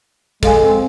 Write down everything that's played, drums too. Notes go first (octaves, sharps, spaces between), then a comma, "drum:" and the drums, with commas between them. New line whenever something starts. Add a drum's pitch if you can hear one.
G#3 A4 F5 G#5, drum: kick, hi-hat
C4